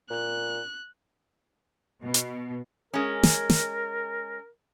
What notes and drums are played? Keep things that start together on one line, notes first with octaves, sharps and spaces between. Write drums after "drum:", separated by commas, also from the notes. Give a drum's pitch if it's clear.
A#2 F#6
B2
drum: hi-hat
G#3 C#4 A#4
drum: snare
drum: snare